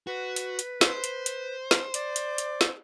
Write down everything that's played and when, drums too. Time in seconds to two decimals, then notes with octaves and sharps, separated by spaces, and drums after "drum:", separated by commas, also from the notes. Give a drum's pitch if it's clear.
0.07 F#4 B4
0.36 drum: hi-hat
0.59 drum: hi-hat
0.81 C5, drum: snare
1.04 drum: hi-hat
1.26 drum: hi-hat
1.71 drum: snare
1.94 D5, drum: hi-hat
2.16 drum: hi-hat
2.38 drum: hi-hat
2.61 drum: snare